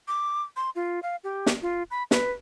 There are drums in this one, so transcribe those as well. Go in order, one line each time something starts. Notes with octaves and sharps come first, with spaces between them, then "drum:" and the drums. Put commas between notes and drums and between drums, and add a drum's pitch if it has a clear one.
D6
C6
F4
F5
G4
drum: snare
F4
B5
B4, drum: snare